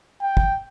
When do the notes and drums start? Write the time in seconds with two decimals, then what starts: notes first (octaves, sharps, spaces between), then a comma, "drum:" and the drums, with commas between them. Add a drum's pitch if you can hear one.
0.22 G5
0.37 drum: kick